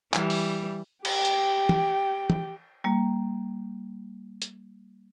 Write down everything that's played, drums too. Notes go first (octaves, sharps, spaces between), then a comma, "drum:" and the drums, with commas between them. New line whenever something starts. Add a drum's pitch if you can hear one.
E3 G3, drum: clap
drum: open hi-hat
G4 G5, drum: cymbal
drum: hi-hat
drum: tom
drum: tom
G3 A#3
drum: hi-hat